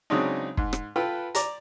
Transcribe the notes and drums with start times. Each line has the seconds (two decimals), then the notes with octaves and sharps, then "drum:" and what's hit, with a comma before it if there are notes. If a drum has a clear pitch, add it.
0.10 C#3 F#3 G#3 C4 D4 D#4
0.57 G#2, drum: kick
0.73 drum: rim click
0.96 F4 A4 B4 G5
1.35 D5 A#5, drum: hi-hat